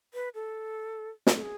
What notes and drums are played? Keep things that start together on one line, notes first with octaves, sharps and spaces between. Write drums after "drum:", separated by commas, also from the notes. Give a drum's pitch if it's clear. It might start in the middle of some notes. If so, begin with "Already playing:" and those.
B4
A4
drum: snare
A4
G#4